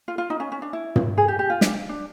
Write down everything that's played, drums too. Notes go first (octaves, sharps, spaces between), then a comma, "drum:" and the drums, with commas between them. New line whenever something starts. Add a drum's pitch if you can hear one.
F4
F4
D#4
C#4
C#4
D4
E4
drum: tom
G#4
G4
G4
F4
D4, drum: snare
D4